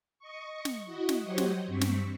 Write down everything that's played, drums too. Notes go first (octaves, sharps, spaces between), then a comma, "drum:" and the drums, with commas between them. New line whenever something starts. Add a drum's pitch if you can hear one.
D#5 C#6
drum: snare
E4 F#4 D#5
drum: snare
F#3 G4 C5 C#5 D#5 F#5
drum: snare
G2 C4 C#6 B6
drum: snare